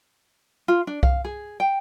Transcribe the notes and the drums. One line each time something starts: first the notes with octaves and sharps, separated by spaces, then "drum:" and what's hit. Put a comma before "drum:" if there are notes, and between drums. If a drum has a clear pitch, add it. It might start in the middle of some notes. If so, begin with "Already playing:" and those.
F4
D4
F5, drum: kick C2
G#4
G5